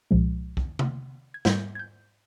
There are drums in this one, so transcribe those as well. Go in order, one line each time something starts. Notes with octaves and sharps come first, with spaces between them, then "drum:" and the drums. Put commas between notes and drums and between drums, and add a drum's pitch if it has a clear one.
C2 A#2 F3 G#3
drum: kick
drum: tom C3
G#6
G#2 G3 G6, drum: snare
G#6
G6